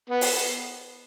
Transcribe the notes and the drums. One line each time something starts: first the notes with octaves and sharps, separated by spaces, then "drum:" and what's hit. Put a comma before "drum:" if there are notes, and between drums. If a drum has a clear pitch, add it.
B3
drum: open hi-hat